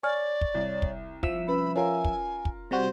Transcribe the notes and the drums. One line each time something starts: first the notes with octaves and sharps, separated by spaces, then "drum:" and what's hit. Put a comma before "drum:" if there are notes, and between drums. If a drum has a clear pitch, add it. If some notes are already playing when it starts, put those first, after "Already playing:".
C#5 D5 G#5 F6
drum: kick
C2
drum: kick
F3 E5 E6, drum: kick
C#4 B4 B5
F4 A#4 C#5 G#5
drum: kick
drum: kick
C3 G3 F#4 C5